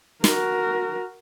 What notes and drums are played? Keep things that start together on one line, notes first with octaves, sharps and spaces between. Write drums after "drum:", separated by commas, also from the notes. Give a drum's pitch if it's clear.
F#4 A#4, drum: snare